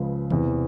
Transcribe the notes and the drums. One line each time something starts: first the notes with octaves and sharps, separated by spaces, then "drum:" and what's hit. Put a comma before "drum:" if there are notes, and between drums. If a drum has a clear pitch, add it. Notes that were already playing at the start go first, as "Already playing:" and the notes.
Already playing: C#2 C#3 F3 G#3 B4
E2 C3 E3, drum: tom D#3